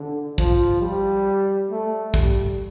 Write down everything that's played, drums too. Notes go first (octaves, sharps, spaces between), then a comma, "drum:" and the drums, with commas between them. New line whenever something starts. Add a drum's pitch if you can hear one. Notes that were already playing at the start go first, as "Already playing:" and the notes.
Already playing: D3
F3, drum: kick
G3
A3
G3, drum: kick